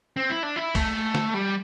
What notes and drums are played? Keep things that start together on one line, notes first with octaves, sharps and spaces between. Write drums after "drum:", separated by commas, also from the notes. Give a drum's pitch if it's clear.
C4
E4
D4
E4
A3, drum: kick C2, cymbal
drum: snare
G3